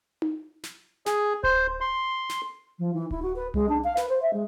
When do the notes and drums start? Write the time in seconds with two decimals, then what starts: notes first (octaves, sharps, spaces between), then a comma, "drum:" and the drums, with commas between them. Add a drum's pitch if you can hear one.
0.22 drum: tom D#4
0.63 drum: snare
1.06 G#4, drum: snare
1.43 C5, drum: kick D1
1.81 C6
2.29 drum: snare
2.79 F3
2.94 E3
3.11 E4, drum: kick D1
3.22 F#4
3.36 B4
3.54 G#3, drum: tom C2
3.69 D4
3.84 F5
3.97 B4, drum: snare
4.09 C5
4.22 E5
4.33 G#3